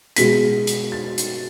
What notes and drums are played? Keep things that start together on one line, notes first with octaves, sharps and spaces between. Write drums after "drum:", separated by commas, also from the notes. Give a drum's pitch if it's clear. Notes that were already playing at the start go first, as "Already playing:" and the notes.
B2 G#3 B3 B6, drum: hi-hat
drum: hi-hat
A6
drum: hi-hat